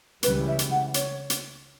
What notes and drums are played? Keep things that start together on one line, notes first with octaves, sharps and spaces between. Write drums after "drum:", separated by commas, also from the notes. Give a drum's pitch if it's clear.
C#2 C#3 E3 G3 B4, drum: hi-hat
E5
drum: hi-hat
F#5
C#5, drum: hi-hat
drum: hi-hat